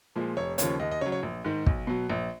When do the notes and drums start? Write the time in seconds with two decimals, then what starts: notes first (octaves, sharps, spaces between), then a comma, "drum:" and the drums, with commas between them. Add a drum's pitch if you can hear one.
0.16 A#2 F3 G#3
0.37 F1 C#5
0.58 D#2 C#3 F3 C#5, drum: hi-hat
0.79 D#2 D#5
0.91 D#5
1.01 C#3 F#3 C#5
1.12 C#5
1.23 A#1
1.45 G#2 D#3
1.66 B1, drum: kick
1.87 B2 F#3
2.10 A#1